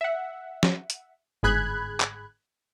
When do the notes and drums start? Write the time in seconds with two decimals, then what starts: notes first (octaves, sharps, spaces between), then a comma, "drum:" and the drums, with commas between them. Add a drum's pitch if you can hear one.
0.01 E5 F#5
0.63 drum: snare
0.90 drum: hi-hat
1.43 G1 G#2 G#4 B5 F#6 G#6
2.00 drum: clap